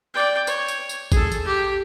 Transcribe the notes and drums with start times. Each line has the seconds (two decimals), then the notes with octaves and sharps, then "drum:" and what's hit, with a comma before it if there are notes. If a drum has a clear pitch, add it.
0.14 D5 G5
0.47 C#5, drum: tambourine
0.68 drum: tambourine
0.89 drum: tambourine
1.12 G#4 A4, drum: kick A1, tambourine
1.32 drum: tambourine
1.46 G4